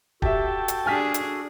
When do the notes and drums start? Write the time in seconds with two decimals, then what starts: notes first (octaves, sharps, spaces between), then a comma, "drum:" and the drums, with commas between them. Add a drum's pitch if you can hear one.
0.22 F#4 G4 A4 E5 G5 A5, drum: kick D#1
0.68 drum: hi-hat
0.86 D4 G#4 G#5 F6 B6
1.14 drum: hi-hat